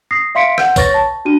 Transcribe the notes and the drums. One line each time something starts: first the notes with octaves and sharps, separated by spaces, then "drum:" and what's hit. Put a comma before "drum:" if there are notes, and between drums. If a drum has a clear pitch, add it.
D#6 A#6 C7
E5 F5 C6 B6 C#7 D7
F#5 G6, drum: rim click
B4 C#5 C#6 A6 A#6, drum: kick A#1, tambourine
A5
D4 F#4 D#7